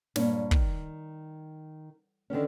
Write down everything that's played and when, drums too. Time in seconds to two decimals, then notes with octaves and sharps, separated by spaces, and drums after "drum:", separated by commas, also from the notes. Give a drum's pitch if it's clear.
0.16 G2 A#2 C#5, drum: snare
0.51 D#3, drum: kick
2.30 D3 D#3 B3 C#4